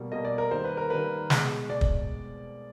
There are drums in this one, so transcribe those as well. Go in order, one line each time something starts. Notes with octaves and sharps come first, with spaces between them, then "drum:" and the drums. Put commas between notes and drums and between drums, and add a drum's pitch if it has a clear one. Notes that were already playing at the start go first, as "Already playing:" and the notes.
Already playing: B2 G3 A#3
B2 G3 A#3 D#5
D5
A#4
D#3 G3 A#3 C5
B4
A#4
D#3 G3 A#3 B4
B2 G#3, drum: snare
B2 G#3 D5
drum: kick